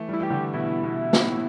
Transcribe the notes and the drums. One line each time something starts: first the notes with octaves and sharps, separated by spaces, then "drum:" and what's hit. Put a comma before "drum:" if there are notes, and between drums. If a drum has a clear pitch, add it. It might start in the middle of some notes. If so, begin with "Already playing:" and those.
Already playing: E3 A3
G3 E4
E3 G4
D3 G3
B2 E3 E4
B2
B2, drum: snare
A2